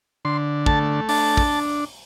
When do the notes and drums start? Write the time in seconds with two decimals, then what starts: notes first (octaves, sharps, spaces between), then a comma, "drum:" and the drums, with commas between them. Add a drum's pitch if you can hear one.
0.25 D3 C6
0.66 A3 A5, drum: kick
1.09 D4 A5, drum: open hi-hat
1.37 drum: kick